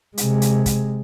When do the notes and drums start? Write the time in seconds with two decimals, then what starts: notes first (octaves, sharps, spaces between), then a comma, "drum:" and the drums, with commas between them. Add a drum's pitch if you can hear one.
0.18 C3 G#3, drum: hi-hat
0.42 drum: hi-hat
0.66 drum: kick, hi-hat